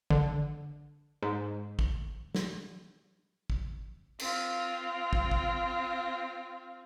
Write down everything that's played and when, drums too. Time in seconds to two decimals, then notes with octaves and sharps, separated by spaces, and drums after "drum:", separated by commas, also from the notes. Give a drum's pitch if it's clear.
0.10 D3, drum: kick
1.23 G#2
1.79 drum: kick
2.35 drum: snare
3.50 drum: kick
4.19 C4 F4, drum: cymbal
5.13 drum: kick
5.31 drum: kick